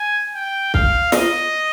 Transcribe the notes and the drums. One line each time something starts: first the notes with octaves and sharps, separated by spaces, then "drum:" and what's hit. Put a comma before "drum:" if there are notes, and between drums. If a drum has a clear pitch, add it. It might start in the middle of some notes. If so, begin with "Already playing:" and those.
Already playing: G#5
G5
F5, drum: kick C2
D#5, drum: snare